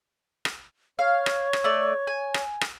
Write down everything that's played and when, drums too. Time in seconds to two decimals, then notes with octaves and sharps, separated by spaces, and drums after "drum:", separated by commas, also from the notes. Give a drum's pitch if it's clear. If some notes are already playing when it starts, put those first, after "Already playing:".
0.45 drum: rim click
0.99 C#5 F5
1.26 drum: rim click
1.53 drum: rim click
1.64 A3 D5
2.07 G#5
2.34 drum: rim click
2.61 drum: rim click